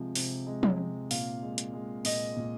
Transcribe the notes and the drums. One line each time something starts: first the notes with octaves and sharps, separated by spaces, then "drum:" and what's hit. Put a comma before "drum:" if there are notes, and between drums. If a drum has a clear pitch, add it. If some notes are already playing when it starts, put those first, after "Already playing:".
Already playing: C3 F3 G#3
C3, drum: open hi-hat
G#3
drum: tom F3
C3
A#2 F5, drum: open hi-hat
G#3
drum: hi-hat
G#3
A#2 D#5, drum: open hi-hat
A#2